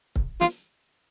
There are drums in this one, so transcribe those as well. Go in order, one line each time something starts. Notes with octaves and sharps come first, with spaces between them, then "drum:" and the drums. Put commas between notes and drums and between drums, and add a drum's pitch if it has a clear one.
drum: kick C#1
F4, drum: snare